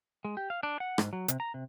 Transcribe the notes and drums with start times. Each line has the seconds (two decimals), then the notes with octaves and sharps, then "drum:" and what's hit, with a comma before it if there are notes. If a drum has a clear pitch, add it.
0.25 G#3
0.37 G4
0.50 F5
0.63 D4
0.80 F#5
0.98 G#2, drum: rim click
1.13 F#3
1.28 C3, drum: hi-hat
1.40 A#5
1.54 C3